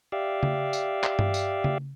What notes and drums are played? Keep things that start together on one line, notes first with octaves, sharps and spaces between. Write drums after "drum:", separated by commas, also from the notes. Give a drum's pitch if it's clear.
G4 D5 E5 F5
drum: tom C#3
drum: tambourine
drum: clap
drum: tom G2
drum: tambourine
drum: tom C#3